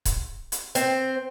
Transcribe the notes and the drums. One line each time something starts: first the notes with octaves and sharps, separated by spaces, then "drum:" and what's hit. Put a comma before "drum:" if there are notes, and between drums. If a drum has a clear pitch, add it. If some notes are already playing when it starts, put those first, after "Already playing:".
drum: kick C#1, hi-hat
drum: hi-hat
C4, drum: hi-hat